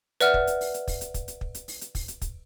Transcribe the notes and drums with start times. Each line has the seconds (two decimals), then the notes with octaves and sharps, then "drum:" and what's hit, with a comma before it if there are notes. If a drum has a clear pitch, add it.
0.21 B4 D5 E5 F#5 F6, drum: hi-hat
0.34 drum: kick
0.47 drum: hi-hat
0.61 drum: open hi-hat
0.74 drum: hi-hat
0.88 drum: kick, open hi-hat
1.01 drum: hi-hat
1.14 drum: kick, hi-hat
1.28 drum: hi-hat
1.41 drum: kick
1.55 drum: hi-hat
1.68 drum: open hi-hat
1.81 drum: hi-hat
1.95 drum: kick, open hi-hat
2.08 drum: hi-hat
2.22 drum: kick, hi-hat